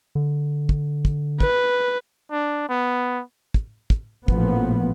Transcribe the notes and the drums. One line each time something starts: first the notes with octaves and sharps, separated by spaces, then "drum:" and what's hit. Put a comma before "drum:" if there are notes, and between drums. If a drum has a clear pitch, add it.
D3
drum: kick
drum: kick
B4, drum: kick
D4
B3
drum: kick
drum: kick
A1 A#2 F3 B3, drum: kick